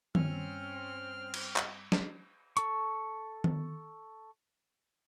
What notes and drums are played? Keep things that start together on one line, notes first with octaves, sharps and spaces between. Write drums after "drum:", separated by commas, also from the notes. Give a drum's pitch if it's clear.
G2 G3 C4 C#4 E6 F6, drum: tom D#3
drum: cymbal
drum: clap
drum: snare
A4 C#6, drum: hi-hat
drum: tom D#3